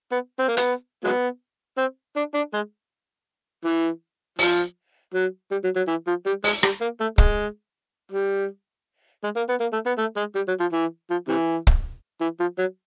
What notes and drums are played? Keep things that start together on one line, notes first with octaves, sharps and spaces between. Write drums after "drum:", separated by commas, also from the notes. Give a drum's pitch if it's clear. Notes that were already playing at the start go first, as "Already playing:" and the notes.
B3
C4
A#3
B3, drum: hi-hat
F#3 G#3 B3
C4
D4
D4
G#3
E3
F3, drum: open hi-hat
F#3
G3
F#3
F#3
E3
F3
G3
G#3, drum: open hi-hat
G3, drum: rim click
A#3
A3
G#3, drum: kick
G3
G#3
A#3
B3
A#3
A3
B3
A3
G#3
G3
F#3
F3
E3
F3
C3 E3
drum: kick
E3
F3
F#3